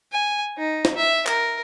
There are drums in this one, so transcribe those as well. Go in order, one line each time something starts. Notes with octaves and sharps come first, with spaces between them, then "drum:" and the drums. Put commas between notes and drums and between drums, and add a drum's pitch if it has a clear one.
G#5
D#4
drum: snare
E5
A#4, drum: clap